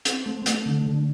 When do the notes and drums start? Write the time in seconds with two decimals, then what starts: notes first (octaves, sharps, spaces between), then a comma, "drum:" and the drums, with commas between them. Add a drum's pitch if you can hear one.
0.05 C4, drum: hi-hat
0.26 A3
0.46 A3, drum: hi-hat
0.66 D3
0.86 D3